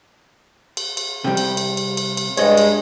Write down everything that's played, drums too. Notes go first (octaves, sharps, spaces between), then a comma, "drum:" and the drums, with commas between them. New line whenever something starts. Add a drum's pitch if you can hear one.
drum: cymbal
drum: cymbal
C3 G3
drum: cymbal
drum: cymbal
drum: cymbal
drum: cymbal
drum: cymbal
G2 G#3 C#5 D#5, drum: cymbal
drum: cymbal